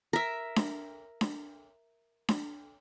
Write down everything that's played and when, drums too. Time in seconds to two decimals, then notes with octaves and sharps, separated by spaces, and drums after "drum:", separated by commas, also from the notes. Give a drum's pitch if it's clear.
0.13 A#4 E5
0.56 drum: snare D4
1.21 drum: snare D4
2.29 drum: snare D4